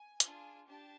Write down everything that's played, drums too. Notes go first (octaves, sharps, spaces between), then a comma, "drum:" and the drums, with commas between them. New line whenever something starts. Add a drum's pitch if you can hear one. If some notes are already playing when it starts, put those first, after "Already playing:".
Already playing: G#5
D4 F4 G#4, drum: hi-hat
D4 G4 A5